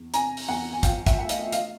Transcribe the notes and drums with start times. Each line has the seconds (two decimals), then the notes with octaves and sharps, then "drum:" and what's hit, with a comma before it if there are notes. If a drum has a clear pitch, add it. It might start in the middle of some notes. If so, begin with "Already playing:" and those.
Already playing: E2
0.14 C3 G#5 A#5, drum: hi-hat
0.37 drum: open hi-hat
0.49 E2 F#5 G#5
0.73 G#5
0.83 F3 F5 G5, drum: kick, hi-hat
1.06 E5 F#5, drum: kick, hi-hat
1.18 A3 F#5
1.29 D#5 F5, drum: hi-hat
1.52 D#5 F5, drum: hi-hat